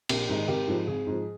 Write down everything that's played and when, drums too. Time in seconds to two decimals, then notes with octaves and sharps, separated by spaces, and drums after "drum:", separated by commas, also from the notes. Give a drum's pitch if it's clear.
0.09 A#1 G4 A#4, drum: cymbal
0.29 G#2 D#3 G#3 D#4
0.48 G#1 G4 A#4
0.68 G#2 F3
0.87 G#1 G#4
1.06 G#2 F3